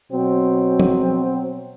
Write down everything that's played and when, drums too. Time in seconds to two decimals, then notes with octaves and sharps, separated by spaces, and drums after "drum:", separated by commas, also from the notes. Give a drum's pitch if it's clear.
0.11 B2 F#3 C4
0.80 drum: tom F3